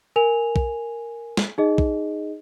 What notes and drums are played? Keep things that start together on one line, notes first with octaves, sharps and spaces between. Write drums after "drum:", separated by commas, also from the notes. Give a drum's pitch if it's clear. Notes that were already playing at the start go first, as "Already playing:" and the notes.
A#4 G#5 F7
drum: kick A#1
drum: snare
D#4 G#4 D#5
drum: kick A#1